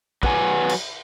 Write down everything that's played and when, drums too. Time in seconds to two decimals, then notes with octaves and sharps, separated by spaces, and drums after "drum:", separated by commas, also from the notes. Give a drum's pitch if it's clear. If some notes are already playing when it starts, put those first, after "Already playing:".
0.23 F#3 B4 F#5 G#5, drum: kick
0.69 drum: cymbal